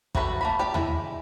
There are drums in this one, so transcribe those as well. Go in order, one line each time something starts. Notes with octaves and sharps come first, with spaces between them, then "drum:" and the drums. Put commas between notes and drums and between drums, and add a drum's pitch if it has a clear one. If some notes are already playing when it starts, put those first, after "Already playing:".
G3 F#4 A4 B4 E5, drum: kick
A3 A#3 B5
G4 D5
G#3 E4, drum: tom D#2